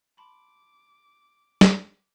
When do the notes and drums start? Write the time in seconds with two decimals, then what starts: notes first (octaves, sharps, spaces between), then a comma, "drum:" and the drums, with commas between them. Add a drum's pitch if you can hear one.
0.17 A5 B5 C6 D6
1.61 drum: snare